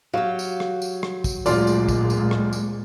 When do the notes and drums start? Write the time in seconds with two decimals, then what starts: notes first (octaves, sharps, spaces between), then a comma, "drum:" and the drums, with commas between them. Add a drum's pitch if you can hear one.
0.14 F#3 F#4 G4 F5
0.39 drum: tambourine
0.60 drum: rim click
0.82 drum: tambourine
1.03 drum: rim click
1.24 drum: kick, tambourine
1.46 D1 A#2 G#3 F4 D5 C6, drum: tambourine
1.67 drum: tambourine
1.88 drum: kick, tambourine
2.10 drum: tambourine
2.31 drum: rim click
2.53 drum: tambourine